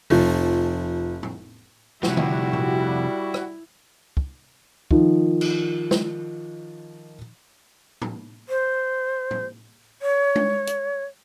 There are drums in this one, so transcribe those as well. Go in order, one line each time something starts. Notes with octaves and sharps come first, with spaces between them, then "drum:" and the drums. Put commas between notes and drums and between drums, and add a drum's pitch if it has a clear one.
F1 F3, drum: open hi-hat
drum: tom
C3 F3 G3 E4 F#4, drum: snare
drum: tom D3
drum: tom A#2
drum: rim click
drum: kick
D#3 F3, drum: kick
drum: cymbal
drum: snare
drum: tom
C5
drum: tom
C#5
drum: tom G#3
drum: hi-hat